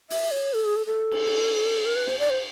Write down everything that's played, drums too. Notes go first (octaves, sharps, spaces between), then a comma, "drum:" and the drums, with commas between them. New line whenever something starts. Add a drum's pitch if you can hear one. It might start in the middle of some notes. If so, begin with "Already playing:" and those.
E5, drum: open hi-hat
C#5
A4
G#4
A4
A4
drum: cymbal
drum: cymbal
A#4
B4
C5, drum: snare
D5
C5